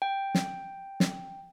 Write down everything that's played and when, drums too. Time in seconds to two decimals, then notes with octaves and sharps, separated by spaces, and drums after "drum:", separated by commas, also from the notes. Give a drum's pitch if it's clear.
0.02 G5
0.35 drum: snare
1.00 drum: snare